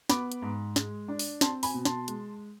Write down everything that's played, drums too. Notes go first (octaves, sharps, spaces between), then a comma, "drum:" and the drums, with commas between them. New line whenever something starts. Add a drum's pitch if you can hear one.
B3 B5 D6, drum: snare
drum: hi-hat
G#2
G#3, drum: snare
D4
drum: open hi-hat
C4 A5 C6, drum: snare
G#5 B5, drum: open hi-hat
B2
A5 C6, drum: snare
G#3, drum: hi-hat